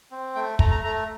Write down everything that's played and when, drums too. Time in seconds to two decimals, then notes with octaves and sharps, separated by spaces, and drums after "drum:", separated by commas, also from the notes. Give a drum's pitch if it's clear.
0.11 C4
0.35 A3 G5
0.59 A3 A#5, drum: kick
0.71 A#5
0.84 A3 A#5